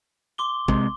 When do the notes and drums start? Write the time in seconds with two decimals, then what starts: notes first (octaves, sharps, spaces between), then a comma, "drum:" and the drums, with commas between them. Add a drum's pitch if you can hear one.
0.38 C6 D6 G7
0.68 C3 G#3, drum: kick